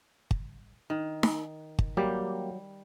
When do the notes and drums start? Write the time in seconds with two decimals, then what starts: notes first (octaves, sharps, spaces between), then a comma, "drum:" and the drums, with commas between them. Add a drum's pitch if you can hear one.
0.31 drum: kick
0.90 D#3
1.23 drum: snare D#4
1.79 drum: kick
1.97 F#3 G3 A#3 G4